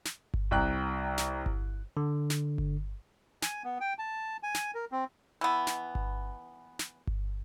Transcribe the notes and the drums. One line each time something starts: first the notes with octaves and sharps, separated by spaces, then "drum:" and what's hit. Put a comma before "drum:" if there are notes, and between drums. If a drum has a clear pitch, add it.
drum: snare
drum: kick G1
C2 G5 A#5 F#6
drum: snare
drum: kick G1
D3
drum: snare
drum: kick G1
G#5, drum: snare
B3
G5
A5
G#5
drum: snare
A#4
C4
E3 B3
drum: snare
drum: kick G1
drum: snare
drum: kick G1